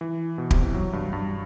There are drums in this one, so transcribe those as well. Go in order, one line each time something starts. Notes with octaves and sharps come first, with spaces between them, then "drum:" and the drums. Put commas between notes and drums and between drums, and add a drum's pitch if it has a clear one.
E3
B2
C3, drum: kick
E3
F#3
G2
G2